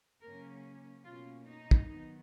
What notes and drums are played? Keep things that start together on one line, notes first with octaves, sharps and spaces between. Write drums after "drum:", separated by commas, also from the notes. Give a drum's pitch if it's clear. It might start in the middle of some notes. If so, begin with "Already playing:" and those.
C#3 F#3 A#3 C#4 A#4
B2 A#3 C#4 F4
D#4
drum: kick
D#3 F#3 B3